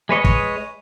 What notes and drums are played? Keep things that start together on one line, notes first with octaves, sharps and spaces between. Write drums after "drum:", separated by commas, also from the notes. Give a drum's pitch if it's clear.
G#3 B4 C#5 D#5
drum: kick